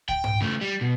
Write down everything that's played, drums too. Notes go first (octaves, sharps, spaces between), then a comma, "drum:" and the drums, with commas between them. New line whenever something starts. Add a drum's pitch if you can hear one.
G5, drum: kick C#2
drum: tom G#2
C#3 A3
G3
B2